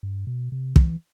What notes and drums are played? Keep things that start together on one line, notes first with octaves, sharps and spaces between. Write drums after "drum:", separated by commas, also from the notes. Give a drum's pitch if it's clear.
G2
B2
C3
E3, drum: kick